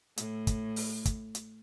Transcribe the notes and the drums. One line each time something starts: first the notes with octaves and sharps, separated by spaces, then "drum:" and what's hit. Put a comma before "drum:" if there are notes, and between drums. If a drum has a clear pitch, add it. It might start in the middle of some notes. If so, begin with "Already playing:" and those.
A2, drum: hi-hat
drum: kick, hi-hat
drum: open hi-hat
drum: kick, hi-hat
drum: hi-hat